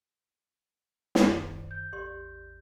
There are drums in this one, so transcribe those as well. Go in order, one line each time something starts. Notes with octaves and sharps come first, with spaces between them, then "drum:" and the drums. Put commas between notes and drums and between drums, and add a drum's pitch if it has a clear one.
F#2 D#3 C5 D5, drum: snare
G6
A1 E2 G4 D5 C6